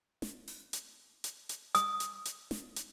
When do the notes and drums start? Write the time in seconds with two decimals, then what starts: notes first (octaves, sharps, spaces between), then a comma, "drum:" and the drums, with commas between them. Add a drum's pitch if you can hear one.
0.22 drum: snare
0.48 drum: open hi-hat
0.73 drum: hi-hat
1.24 drum: hi-hat
1.49 drum: hi-hat
1.75 D#6, drum: hi-hat
2.00 drum: hi-hat
2.25 drum: hi-hat
2.51 drum: snare
2.76 drum: hi-hat